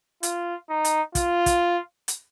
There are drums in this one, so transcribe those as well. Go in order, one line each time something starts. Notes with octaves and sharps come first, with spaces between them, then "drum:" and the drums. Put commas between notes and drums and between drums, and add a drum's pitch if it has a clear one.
F4, drum: hi-hat
D#4
drum: hi-hat
F4, drum: kick, hi-hat
drum: kick, hi-hat
drum: hi-hat